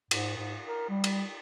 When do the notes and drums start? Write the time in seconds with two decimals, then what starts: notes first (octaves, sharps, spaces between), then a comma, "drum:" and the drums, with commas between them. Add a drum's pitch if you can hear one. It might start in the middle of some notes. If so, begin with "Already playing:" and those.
0.11 G#2, drum: cymbal
0.38 G#2
0.68 A#4
0.90 G3
1.04 drum: cymbal